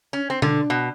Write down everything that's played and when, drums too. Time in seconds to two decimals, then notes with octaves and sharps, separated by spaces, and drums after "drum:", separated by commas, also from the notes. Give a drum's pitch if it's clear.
0.13 C#4
0.30 C4
0.42 D3, drum: tom B2
0.70 B2